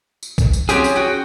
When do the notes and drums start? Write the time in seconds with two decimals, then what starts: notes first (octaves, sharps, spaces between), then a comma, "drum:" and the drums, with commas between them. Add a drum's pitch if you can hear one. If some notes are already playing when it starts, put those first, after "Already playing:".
0.23 drum: tambourine
0.38 drum: kick, tambourine
0.53 drum: tambourine
0.69 F#3 C4 C#4 G4 G#4, drum: tambourine
0.84 drum: tambourine
0.96 F#4 G5